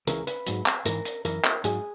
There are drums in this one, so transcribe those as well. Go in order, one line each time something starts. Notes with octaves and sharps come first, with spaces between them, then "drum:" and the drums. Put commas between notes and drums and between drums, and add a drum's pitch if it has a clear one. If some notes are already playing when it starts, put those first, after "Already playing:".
C#2 C#3 E3 A#4, drum: hi-hat
B4, drum: hi-hat
G#2 F#3, drum: hi-hat
drum: clap
G#2 E3 A#4, drum: hi-hat
drum: hi-hat
F#2 E3 A#4, drum: hi-hat
drum: clap
G#2 F#3 G#4, drum: hi-hat